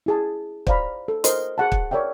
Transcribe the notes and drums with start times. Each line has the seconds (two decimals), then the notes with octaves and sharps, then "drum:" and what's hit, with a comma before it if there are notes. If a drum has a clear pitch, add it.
0.06 E4 G#4 A5
0.67 C5 D5 F5 A#5 B5, drum: kick
1.08 A4
1.24 A#4 C5 D#5 C6, drum: hi-hat
1.58 G#4 F#5 A5
1.72 drum: kick
1.91 A#4 C#5 D5 E5 G5